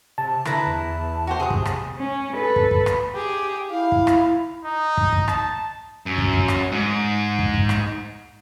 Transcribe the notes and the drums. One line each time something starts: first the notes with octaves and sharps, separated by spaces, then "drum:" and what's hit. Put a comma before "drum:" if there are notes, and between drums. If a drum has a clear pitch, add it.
C3 A5
D3 E4 B4 A#5, drum: rim click
E2
F#4 G4 C5
C3 G#4 D#6
drum: kick
drum: rim click
C#4
A4 B4
drum: kick
drum: kick
drum: rim click
G4 G#4
E4 F5
drum: kick
drum: rim click
D#4
drum: kick
drum: kick
A5, drum: rim click
F#2
drum: kick
drum: kick
drum: rim click
G#2
drum: kick
drum: kick
drum: rim click